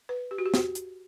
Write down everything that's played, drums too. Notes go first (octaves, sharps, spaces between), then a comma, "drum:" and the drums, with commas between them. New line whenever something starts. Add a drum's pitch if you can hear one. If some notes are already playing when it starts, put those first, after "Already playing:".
B4
G4
F#4
G4
F#4, drum: snare
drum: hi-hat